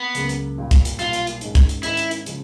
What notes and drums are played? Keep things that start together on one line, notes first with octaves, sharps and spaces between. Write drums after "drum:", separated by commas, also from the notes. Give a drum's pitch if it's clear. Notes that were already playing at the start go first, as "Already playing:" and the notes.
Already playing: B3
C#2 C#3 F#3 A#3, drum: hi-hat
drum: hi-hat
B1 A#2 G3
drum: kick, hi-hat
drum: hi-hat
B1 A#2 G3 F4, drum: hi-hat
drum: hi-hat
drum: hi-hat
G#2 D#3 G#3 C#4, drum: hi-hat
drum: kick, hi-hat
drum: hi-hat
G#2 D#3 G#3 C#4 E4, drum: hi-hat
drum: hi-hat
drum: hi-hat
C#3 F3 G#3, drum: hi-hat